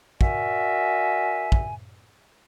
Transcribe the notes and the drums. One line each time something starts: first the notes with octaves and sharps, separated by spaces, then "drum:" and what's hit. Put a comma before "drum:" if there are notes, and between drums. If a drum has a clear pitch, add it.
F#4 A#4 D5 E5 G#5, drum: kick
drum: kick